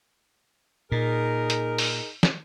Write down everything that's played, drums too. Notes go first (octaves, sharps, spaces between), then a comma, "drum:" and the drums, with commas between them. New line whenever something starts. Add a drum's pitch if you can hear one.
A#2 D#4 G#4 A#4
drum: hi-hat
drum: open hi-hat
drum: snare